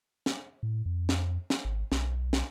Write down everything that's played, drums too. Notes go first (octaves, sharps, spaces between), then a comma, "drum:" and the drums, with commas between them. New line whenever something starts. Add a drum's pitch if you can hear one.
drum: snare
A2
F2
drum: snare
drum: snare
G#1
B1, drum: snare
drum: snare